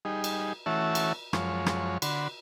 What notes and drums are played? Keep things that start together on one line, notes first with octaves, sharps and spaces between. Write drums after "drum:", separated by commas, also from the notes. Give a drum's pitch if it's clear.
G3 D#4 G#4
drum: cymbal
E3 A3 C#4 F#4 E5 A5
drum: cymbal
F#2 F3 G#3 C#5, drum: rim click
drum: rim click
D3 F#4 B5 C6, drum: cymbal